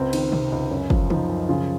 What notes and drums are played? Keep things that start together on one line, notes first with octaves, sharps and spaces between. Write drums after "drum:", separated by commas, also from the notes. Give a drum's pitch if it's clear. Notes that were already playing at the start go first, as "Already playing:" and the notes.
Already playing: C#2 C4
D#3, drum: cymbal
C3, drum: tom C3
C#2
F#2 C#4
F3, drum: kick
F3 D#4, drum: tom C3
F#2
C#3 F4